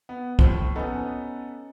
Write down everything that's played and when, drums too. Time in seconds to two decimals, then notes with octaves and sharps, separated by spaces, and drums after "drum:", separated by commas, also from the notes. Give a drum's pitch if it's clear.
0.09 B3
0.39 D#2 A2 F3 C5, drum: kick
0.75 B3 C#4 D#4 A4 B4